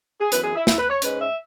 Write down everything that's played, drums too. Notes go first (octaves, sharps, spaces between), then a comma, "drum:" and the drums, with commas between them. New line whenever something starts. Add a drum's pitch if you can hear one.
G#4
F#2 E3 B3 B4, drum: hi-hat
G#4
E4
E4, drum: snare
B4
C#5
G#2 G#3 C#4 B4, drum: hi-hat
E5